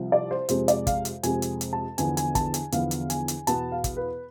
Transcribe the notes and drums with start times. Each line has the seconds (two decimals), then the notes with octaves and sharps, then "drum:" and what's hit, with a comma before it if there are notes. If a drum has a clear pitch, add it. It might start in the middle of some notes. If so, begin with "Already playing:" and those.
Already playing: C2 C3 F3
0.12 D5
0.31 C5
0.49 F2 C3 G#3 C4 C5, drum: hi-hat
0.68 D5, drum: hi-hat
0.87 F5, drum: kick, hi-hat
1.05 drum: hi-hat
1.23 F2 C3 G#3 C4 G#5, drum: hi-hat
1.42 drum: hi-hat
1.61 drum: hi-hat
1.73 A5
1.98 E2 D3 F3 B3 G#5, drum: hi-hat
2.17 G#5, drum: hi-hat
2.35 A5, drum: kick, hi-hat
2.54 G#5, drum: hi-hat
2.72 E2 D3 F3 B3 F5, drum: hi-hat
2.91 drum: hi-hat
3.10 G#5, drum: hi-hat
3.28 drum: hi-hat
3.47 E2 B2 B3 A5, drum: hi-hat
3.72 F5
3.84 drum: kick, hi-hat
3.97 B4